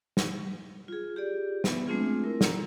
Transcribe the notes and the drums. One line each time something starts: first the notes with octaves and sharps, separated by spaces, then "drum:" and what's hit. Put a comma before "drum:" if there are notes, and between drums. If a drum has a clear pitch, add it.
drum: snare
F4 G#4
G4 G#4 D5
B3 B4 E5, drum: snare
G#3 A3 C4 D4 F4 G#4
C4 E4 A#4
A#5, drum: snare